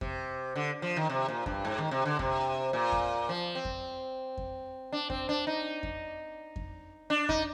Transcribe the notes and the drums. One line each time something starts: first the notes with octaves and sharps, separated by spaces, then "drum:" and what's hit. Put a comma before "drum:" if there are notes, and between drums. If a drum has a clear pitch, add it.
C3, drum: kick F2
D3
F3
D#3
C3
A#2
G2, drum: kick F2
G#2
D#3
C3
D3
C3, drum: kick F2
A#2
drum: kick F2
F3
C4
drum: kick F2
drum: kick F2
D4
C4, drum: kick F2
D4
D#4
drum: kick F2
drum: kick F2
D4
D#4, drum: kick F2